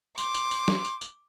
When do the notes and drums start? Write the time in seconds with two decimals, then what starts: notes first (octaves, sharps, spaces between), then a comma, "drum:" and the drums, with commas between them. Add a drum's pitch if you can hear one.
0.18 C6 D6, drum: tambourine
0.34 drum: tambourine
0.51 drum: tambourine
0.68 drum: snare
0.85 drum: tambourine
1.01 drum: tambourine